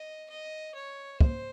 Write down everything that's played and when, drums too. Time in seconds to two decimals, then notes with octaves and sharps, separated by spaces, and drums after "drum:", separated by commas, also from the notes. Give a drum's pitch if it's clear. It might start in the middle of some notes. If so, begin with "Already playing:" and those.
Already playing: D#5
0.30 D#5
0.75 C#5
1.21 C5, drum: kick